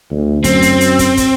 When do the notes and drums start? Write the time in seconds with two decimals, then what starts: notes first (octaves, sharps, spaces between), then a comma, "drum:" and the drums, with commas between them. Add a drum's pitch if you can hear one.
0.10 D2
0.44 F#2 C4, drum: kick, hi-hat
0.62 drum: hi-hat
0.81 drum: hi-hat
0.99 drum: kick, hi-hat
1.17 drum: kick, hi-hat